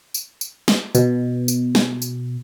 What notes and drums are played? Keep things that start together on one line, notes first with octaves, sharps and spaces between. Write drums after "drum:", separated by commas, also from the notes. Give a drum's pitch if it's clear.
drum: tambourine
drum: tambourine
drum: snare
B2, drum: tambourine
drum: tambourine
drum: snare
drum: tambourine